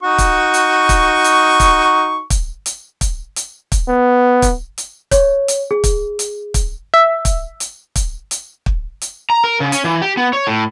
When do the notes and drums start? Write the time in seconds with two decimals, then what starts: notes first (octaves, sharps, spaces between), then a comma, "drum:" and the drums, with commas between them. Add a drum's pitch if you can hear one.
0.03 D#4 F#4 C#6
0.18 drum: kick, hi-hat
0.54 drum: hi-hat
0.89 drum: kick, hi-hat
1.24 drum: hi-hat
1.60 drum: kick, hi-hat
2.30 drum: kick, hi-hat
2.66 drum: hi-hat
3.01 drum: kick, hi-hat
3.36 drum: hi-hat
3.72 drum: kick, hi-hat
3.88 B3
4.42 drum: kick, hi-hat
4.78 drum: hi-hat
5.11 C#5, drum: kick, hi-hat
5.48 drum: hi-hat
5.71 G#4
5.84 drum: kick, hi-hat
6.19 drum: hi-hat
6.54 drum: kick, hi-hat
6.94 E5
7.25 drum: kick, hi-hat
7.60 drum: hi-hat
7.96 drum: kick, hi-hat
8.31 drum: hi-hat
8.66 drum: kick
9.02 drum: hi-hat
9.30 A#5
9.44 A#4
9.60 C#3
9.72 C#4, drum: hi-hat
9.84 E3
10.02 G4
10.17 B3
10.33 C#5
10.47 A2